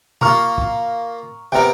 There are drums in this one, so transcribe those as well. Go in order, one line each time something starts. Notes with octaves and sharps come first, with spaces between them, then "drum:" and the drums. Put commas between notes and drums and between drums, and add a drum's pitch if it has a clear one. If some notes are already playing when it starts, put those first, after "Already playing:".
A#3 F4 A#5 C#6 F6, drum: tom B2
drum: kick
C3 B3 A#4 G5